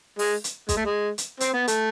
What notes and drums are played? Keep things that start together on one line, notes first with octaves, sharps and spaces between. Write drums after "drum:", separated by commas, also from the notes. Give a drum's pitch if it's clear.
G#3, drum: open hi-hat
drum: hi-hat
G#3, drum: kick, hi-hat
A3
G#3
drum: hi-hat
C4, drum: hi-hat
B3
A3, drum: hi-hat